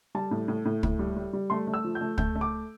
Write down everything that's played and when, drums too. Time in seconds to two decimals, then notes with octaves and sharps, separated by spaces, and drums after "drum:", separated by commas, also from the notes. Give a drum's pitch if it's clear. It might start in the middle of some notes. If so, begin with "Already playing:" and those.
0.15 G3 A5
0.31 A2
0.48 A2
0.65 A2
0.83 A2, drum: kick
0.99 G3
1.17 G3
1.33 G3
1.50 A3 C6
1.67 A3
1.74 E6
1.84 F3
1.95 G6
2.01 A3
2.18 A3 G6, drum: kick
2.35 A3
2.41 D6